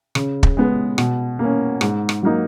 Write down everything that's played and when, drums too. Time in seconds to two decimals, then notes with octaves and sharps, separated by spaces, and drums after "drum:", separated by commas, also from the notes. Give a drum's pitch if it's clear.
0.15 C#3, drum: rim click
0.43 drum: kick
0.57 G#3 B3
0.98 B2, drum: rim click
1.39 A#3 C#4
1.81 G#2, drum: rim click
2.09 drum: rim click
2.23 F#3 A#3 D#4